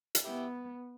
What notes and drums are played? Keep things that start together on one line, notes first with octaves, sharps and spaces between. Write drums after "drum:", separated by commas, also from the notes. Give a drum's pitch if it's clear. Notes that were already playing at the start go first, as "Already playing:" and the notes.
drum: hi-hat
B3 E4 G4